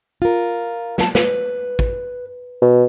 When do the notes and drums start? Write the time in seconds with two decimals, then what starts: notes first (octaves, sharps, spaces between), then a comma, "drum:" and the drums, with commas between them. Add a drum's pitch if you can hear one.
0.22 F4 A#4
0.98 F#3 B3 A5, drum: snare
1.15 B4, drum: snare
1.79 drum: kick
2.62 B2